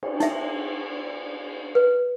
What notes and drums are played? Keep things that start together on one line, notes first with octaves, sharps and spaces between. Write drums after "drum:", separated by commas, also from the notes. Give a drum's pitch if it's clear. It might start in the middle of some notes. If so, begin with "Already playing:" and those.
drum: cymbal
D#4 E5, drum: hi-hat
B4